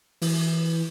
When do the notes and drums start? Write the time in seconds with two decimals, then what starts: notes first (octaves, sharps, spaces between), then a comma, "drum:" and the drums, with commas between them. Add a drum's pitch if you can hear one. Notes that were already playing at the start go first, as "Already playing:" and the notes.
0.22 E3, drum: open hi-hat